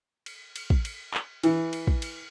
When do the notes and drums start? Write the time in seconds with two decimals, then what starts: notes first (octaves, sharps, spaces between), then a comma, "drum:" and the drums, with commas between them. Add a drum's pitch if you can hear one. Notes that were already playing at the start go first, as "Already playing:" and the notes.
0.26 drum: cymbal
0.56 drum: cymbal
0.70 drum: kick
0.85 drum: cymbal
1.14 drum: clap
1.43 E3, drum: cymbal
1.73 drum: cymbal
1.87 drum: kick
2.02 drum: cymbal